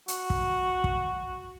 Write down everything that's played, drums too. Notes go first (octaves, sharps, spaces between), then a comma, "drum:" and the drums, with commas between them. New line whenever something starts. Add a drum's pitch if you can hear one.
F#4, drum: hi-hat
drum: kick
drum: kick